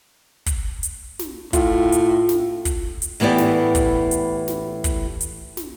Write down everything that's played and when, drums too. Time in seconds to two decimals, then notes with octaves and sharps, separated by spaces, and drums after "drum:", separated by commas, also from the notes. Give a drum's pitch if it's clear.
0.46 drum: kick, hi-hat
0.83 drum: hi-hat
1.19 drum: snare
1.53 A2 F4, drum: kick, hi-hat
1.92 drum: hi-hat
2.29 drum: snare
2.65 drum: kick, hi-hat
3.02 drum: hi-hat
3.20 A2 E3 B3 G4 D5
3.38 drum: snare
3.75 drum: kick, hi-hat
4.11 drum: hi-hat
4.48 drum: snare
4.84 drum: kick, hi-hat
5.21 drum: hi-hat
5.57 drum: snare